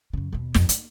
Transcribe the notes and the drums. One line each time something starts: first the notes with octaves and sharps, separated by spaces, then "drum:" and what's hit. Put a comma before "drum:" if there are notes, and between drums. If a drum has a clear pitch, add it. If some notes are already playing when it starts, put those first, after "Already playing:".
F#2 C#3
D#2 B2
G1 F2, drum: snare
A#3, drum: hi-hat